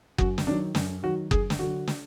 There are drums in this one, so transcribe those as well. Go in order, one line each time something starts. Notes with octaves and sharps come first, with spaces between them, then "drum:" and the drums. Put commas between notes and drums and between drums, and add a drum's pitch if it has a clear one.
F#2 F#4, drum: kick F#1
drum: snare
D#3 F#3 D4
F#2, drum: snare
D#3 F#3 F#4
F#2 G#4, drum: kick F#1
drum: snare
D3 F#3 F#4
drum: snare